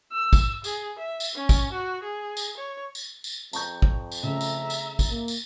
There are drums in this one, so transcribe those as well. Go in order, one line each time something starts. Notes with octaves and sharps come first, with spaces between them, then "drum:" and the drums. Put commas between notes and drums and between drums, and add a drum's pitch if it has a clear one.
E6
drum: kick, tambourine
G#4, drum: tambourine
E5
drum: tambourine
C#4
drum: kick, tambourine
F#4
G#4
drum: tambourine
C#5
drum: tambourine
drum: tambourine
F2 A#5 C#6 G6, drum: tambourine
drum: kick
drum: tambourine
C#3 A3 E5 A#5
drum: tambourine
drum: tambourine
drum: kick, tambourine
A#3
drum: tambourine